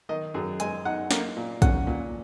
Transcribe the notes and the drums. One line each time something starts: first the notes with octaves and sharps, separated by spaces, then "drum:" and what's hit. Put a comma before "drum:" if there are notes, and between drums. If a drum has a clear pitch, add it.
D#3 D#5
F#2 G#4
G#3 G#5, drum: hi-hat
D#4 F#5
A#3, drum: snare
A#2
C#4 F#5, drum: kick, hi-hat
A#2